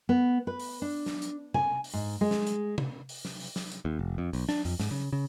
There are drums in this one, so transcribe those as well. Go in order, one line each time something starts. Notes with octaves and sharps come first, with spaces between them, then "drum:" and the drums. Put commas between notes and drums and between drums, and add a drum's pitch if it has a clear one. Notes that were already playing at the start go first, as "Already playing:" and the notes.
B3
B4
drum: open hi-hat
D4
drum: snare
drum: hi-hat
G#5, drum: tom C3
drum: open hi-hat
G#2
G#3
drum: snare
drum: hi-hat
drum: tom C3
drum: open hi-hat
drum: snare
drum: open hi-hat
drum: snare
drum: hi-hat
D#2
F1
F2
B1, drum: open hi-hat
D4, drum: snare
F2, drum: open hi-hat
G#2, drum: snare
C#3
C#3